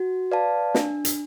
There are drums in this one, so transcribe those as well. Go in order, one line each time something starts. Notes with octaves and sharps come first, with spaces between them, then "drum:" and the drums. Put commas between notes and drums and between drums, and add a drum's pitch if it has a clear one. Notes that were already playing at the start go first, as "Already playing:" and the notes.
Already playing: F#4
B4 D5 F5 A5
D4, drum: snare
drum: hi-hat